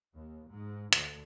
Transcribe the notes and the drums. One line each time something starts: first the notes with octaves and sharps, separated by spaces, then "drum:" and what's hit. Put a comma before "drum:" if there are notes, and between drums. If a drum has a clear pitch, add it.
D#2
G#2
D2, drum: hi-hat